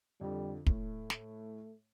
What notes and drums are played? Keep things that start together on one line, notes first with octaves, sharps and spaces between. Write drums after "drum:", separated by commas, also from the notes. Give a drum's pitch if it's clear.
F2 D3 G3
A2 A3, drum: kick
drum: snare